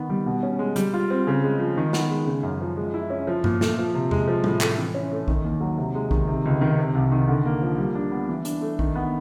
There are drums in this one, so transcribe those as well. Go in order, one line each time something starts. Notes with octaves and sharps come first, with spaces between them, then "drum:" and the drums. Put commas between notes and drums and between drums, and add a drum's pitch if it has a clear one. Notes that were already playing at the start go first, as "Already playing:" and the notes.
Already playing: D#3 B3
G3
B2
C#4
G#3
G3, drum: hi-hat
F4
C4
C#3
G#3
F3
D#3
B3, drum: snare
G#3
C#3
F#2
F3
G#3
E4
C#4
F3
A#2, drum: tom G2
A3, drum: snare
F3
C3
G#3, drum: tom E2
F3
A2, drum: tom
A3, drum: clap
E3
C#4
A3
D#3, drum: kick A1
D#2
F#3
C3
G#3
D#3, drum: kick A1
C3
C#2
D#3
C3
C2
D#3
D3
A#3
F3
G3
D4
B3
E3
D4, drum: hi-hat
A3
D#3, drum: kick A1
B3